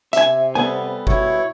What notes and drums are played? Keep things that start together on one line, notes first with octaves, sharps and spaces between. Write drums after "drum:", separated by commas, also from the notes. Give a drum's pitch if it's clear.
C3 E5 G#5, drum: hi-hat
G3 B3 A4 G#5
E4 F#4 C#5, drum: kick G1